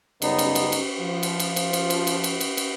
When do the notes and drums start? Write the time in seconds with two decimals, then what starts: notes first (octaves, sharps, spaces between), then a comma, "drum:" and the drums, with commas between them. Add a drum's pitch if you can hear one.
0.22 F#2 C#3 G3 B3 D#4, drum: cymbal
0.39 drum: cymbal
0.55 drum: cymbal
0.72 drum: cymbal
1.00 F3
1.23 drum: cymbal
1.40 drum: cymbal
1.56 drum: cymbal
1.73 drum: cymbal
1.90 drum: cymbal
2.07 drum: cymbal
2.24 drum: cymbal
2.41 drum: cymbal
2.57 drum: cymbal